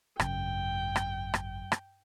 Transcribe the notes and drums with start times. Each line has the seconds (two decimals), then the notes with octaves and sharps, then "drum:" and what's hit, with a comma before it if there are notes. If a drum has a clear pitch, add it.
0.20 G#1 F#2 C#3 G5, drum: rim click
0.96 drum: rim click
1.34 drum: rim click
1.72 drum: rim click